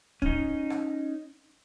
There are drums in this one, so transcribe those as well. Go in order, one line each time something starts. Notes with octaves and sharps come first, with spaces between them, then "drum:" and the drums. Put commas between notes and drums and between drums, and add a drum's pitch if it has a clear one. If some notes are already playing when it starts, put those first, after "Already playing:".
C#4 D#4, drum: kick
drum: rim click